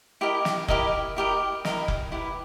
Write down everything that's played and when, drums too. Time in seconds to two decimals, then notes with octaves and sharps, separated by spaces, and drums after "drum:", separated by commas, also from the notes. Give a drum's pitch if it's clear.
0.21 E4 G4 A#4 D#5
0.45 drum: snare
0.68 E4 G4 A#4 D#5, drum: kick F1
1.17 E4 G4 A#4 D#5
1.65 E4 G4 A#4 D#5, drum: snare
1.88 drum: kick F1
2.12 E4 G4 B4